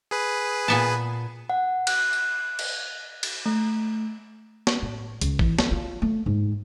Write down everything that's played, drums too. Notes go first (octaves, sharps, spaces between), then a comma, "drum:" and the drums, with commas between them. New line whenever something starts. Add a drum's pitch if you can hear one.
G#4 B4
A#2 B3 A5
F#5
F#6, drum: cymbal
drum: tambourine
drum: cymbal
drum: cymbal
A3
drum: snare
A2
C#2, drum: hi-hat
E3, drum: kick A1
F2, drum: snare
F4
A3
G#2